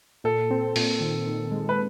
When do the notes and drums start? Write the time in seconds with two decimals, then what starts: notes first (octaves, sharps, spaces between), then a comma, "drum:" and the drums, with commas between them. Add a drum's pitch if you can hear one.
0.24 A#2 A4
0.51 C4
0.76 A#2, drum: open hi-hat
1.01 D#3
1.27 D#3
1.51 G#3
1.69 B4